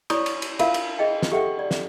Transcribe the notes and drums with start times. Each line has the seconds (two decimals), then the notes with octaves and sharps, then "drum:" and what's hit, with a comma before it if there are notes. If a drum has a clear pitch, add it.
0.10 E4 C#5 D5 C#6 D#6, drum: cymbal
0.26 drum: cymbal
0.42 drum: cymbal
0.59 E4 F4 A#4 E5 F5, drum: cymbal
0.74 drum: cymbal
0.99 G#4 D#5 G5
1.23 drum: snare
1.32 G4 A4 E5 F#5 G5
1.59 D5
1.71 drum: snare